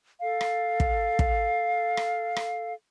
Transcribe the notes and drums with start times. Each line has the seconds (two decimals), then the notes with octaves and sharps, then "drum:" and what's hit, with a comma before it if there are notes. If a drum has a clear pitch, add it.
0.21 A4 F5
0.41 drum: rim click
0.80 drum: kick
1.19 drum: kick
1.97 drum: rim click
2.36 drum: rim click